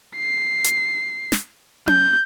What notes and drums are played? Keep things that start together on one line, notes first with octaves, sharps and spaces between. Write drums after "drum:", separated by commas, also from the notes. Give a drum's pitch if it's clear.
C7
drum: hi-hat
drum: snare
G6, drum: tom C#4